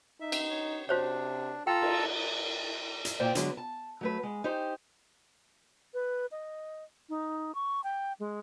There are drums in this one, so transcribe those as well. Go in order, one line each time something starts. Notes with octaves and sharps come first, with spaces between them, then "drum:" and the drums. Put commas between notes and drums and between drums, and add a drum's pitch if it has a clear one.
D#4 E5
drum: cymbal
C#5
C3 D4 F#4 C5 C#5
F4 A4 G5 A#5 E6
drum: cymbal
drum: hi-hat
A#2 C5 D5 G5
D3 F#3 G#3 B3, drum: hi-hat
A5
F#3 A3 B4
G#3
D#4 G4 C5
B4
D#5
D#4
C#6
G5
G#3